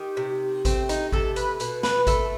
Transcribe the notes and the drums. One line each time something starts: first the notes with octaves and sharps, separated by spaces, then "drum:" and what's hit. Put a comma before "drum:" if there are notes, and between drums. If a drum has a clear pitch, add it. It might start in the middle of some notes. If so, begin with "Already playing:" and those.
Already playing: D#3 G4
C3
A3 C4, drum: kick G#1, hi-hat
D#4, drum: hi-hat
C3 A4, drum: kick G#1
B4, drum: hi-hat
B2 B4, drum: hi-hat
B4, drum: snare
A3 A4, drum: kick G#1, hi-hat